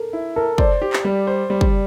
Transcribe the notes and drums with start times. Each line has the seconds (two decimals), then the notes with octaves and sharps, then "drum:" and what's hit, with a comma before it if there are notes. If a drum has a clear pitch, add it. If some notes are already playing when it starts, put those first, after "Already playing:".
Already playing: A4 A#4
0.13 E4
0.36 A4 A#4
0.58 C5 D5, drum: kick
0.82 G4
0.93 drum: clap
1.04 G3
1.27 C5
1.50 G3
1.61 drum: kick